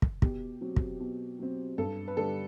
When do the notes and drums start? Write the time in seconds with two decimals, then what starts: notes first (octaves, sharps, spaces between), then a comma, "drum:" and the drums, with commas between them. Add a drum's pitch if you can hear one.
0.02 drum: kick
0.22 B2 G4, drum: kick
0.61 F#3 C4
0.76 drum: kick
1.00 B2
1.39 F#3 C4
1.78 G2 A4
2.08 B4
2.17 D3 G3 D4 A4